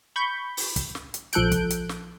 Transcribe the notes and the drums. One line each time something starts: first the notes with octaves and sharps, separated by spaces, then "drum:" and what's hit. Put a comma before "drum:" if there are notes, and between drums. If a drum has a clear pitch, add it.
B5 C#6 G6
drum: open hi-hat
drum: kick, hi-hat
drum: snare
drum: hi-hat
A#1 F3 A4 F#6 G6 D7, drum: hi-hat
drum: kick, hi-hat
drum: hi-hat
drum: snare